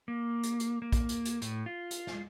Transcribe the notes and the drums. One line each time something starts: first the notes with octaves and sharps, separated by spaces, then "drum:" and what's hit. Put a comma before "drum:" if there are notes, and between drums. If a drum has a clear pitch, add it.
A#3
drum: hi-hat
drum: hi-hat
A#3
drum: kick A#1, hi-hat
drum: hi-hat
drum: hi-hat
A2, drum: hi-hat
F4
drum: hi-hat
drum: snare